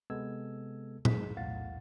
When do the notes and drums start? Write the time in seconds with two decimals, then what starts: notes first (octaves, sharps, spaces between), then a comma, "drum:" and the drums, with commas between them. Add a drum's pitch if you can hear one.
0.10 C3 G#3 B3 A4 E6 G#6
1.05 G#2 G#4 B6, drum: tom A#2
1.36 B1 E2 A2 F5 F#5 A6